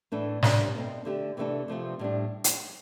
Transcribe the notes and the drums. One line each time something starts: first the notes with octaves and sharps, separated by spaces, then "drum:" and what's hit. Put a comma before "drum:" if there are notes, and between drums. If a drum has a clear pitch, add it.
A2 E3 A3 D4 A4
C3 G3 D4, drum: snare
B2 A3 C4
D3 A3 D4 G4
C3 E3 A3 D4 A4
C3 F3 A3 C4 F4
A2 G3 D4
drum: hi-hat